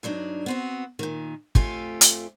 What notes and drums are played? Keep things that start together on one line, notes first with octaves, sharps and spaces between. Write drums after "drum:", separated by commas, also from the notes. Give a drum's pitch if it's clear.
G2 F#3 D4 D#4
B3 C4 F#4
A#2 D#3
F2 A3 F4 G4 G#5, drum: kick
drum: hi-hat